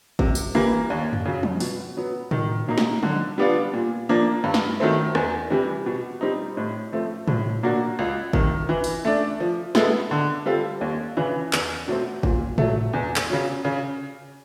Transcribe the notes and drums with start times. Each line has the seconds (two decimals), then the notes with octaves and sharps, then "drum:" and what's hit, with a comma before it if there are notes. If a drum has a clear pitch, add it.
0.19 C3, drum: kick
0.35 drum: tambourine
0.55 E3 G3 A#3
0.90 D#2
1.13 drum: tom F2
1.26 C#3 F#3
1.43 drum: tom F3
1.60 B2, drum: open hi-hat
1.97 F#3 B3
2.31 D#3, drum: tom A2
2.67 F#3 A#3 D#4
2.78 drum: snare
3.03 D3, drum: tom F3
3.38 G3 B3 D4 F4
3.74 A#2
4.09 F3 A#3 D4
4.44 G2
4.54 drum: snare
4.80 D#3 F#3 A3 C4
5.15 E2, drum: rim click
5.50 C3 E3 G3
5.86 B2
6.21 G3 C4 D#4
6.57 A2
6.92 F3 A3 C4
7.28 A2, drum: tom A2
7.63 F#3 A#3 D4 F#4
7.99 C#2
8.33 C3 D#3, drum: kick
8.69 E3
8.84 drum: open hi-hat
9.05 A3 D4
9.40 F3
9.75 G#3 B3 E4 A4, drum: snare
10.11 D3
10.46 G3 C4 F4 A4
10.81 D#2
11.17 C#3 E3
11.53 E2, drum: clap
11.88 B2 F#3 A3 C4
12.23 A#2, drum: kick
12.58 F#3 A3, drum: tom A2
12.93 E2
13.16 drum: clap
13.30 C#3 F#3
13.65 C#3